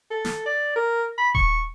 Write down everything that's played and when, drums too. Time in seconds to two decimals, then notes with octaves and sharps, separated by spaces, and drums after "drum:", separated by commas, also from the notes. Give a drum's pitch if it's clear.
0.11 A4
0.25 drum: snare
0.46 D5
0.76 A#4
1.18 B5
1.35 C#6, drum: kick D#1